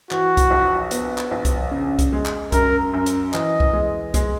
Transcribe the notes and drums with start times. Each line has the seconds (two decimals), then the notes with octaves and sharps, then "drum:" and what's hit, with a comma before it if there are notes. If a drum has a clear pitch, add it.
0.11 E3 F#4, drum: clap
0.37 drum: kick, hi-hat
0.50 A#1
0.91 B3, drum: hi-hat
1.18 drum: clap
1.31 A#1
1.45 drum: kick, hi-hat
1.71 C#3
1.99 drum: kick, hi-hat
2.12 G#3
2.26 drum: clap
2.52 F#2 A#4, drum: kick, hi-hat
2.93 F#2
3.06 drum: hi-hat
3.34 E3 D#5, drum: clap
3.60 drum: kick
3.73 G#3
4.14 G#3, drum: kick, hi-hat